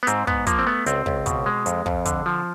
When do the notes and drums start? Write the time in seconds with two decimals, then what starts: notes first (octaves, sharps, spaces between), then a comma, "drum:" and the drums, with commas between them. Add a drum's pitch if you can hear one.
0.03 B3
0.07 G#2 C4, drum: hi-hat
0.27 G#2 B3, drum: kick
0.47 F3 A#3, drum: kick, hi-hat
0.59 C4
0.67 A3 B3
0.86 C#2 C4, drum: hi-hat
1.06 C#2, drum: kick
1.26 B2, drum: kick, hi-hat
1.46 G#3
1.66 F2, drum: hi-hat
1.86 F2, drum: kick
2.06 D3, drum: kick, hi-hat
2.26 F3